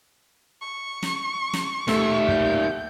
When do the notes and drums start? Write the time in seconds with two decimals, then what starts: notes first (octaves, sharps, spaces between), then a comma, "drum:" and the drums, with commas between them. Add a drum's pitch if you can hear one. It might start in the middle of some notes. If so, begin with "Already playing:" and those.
0.61 C#6
1.03 drum: snare
1.53 drum: snare
1.88 D#2 A3 E5, drum: snare
2.28 G6, drum: kick